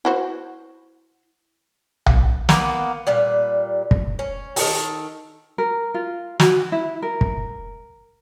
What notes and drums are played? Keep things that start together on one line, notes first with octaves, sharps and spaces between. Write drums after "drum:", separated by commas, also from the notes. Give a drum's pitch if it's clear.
E4 F#4 C5
drum: tom B1
A#3 B3, drum: snare
A#2 G3 B4
drum: kick
C#4
D#3 A4, drum: open hi-hat
A#4
F4
F#4, drum: snare
E4
A#4
drum: kick